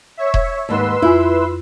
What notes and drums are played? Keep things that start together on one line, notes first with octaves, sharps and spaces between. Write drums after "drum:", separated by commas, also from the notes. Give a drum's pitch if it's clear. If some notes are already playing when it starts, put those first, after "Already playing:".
C#5 E5
drum: kick E1
D#2 G#2 B4 C6 E6
F2 E4 F4 G#5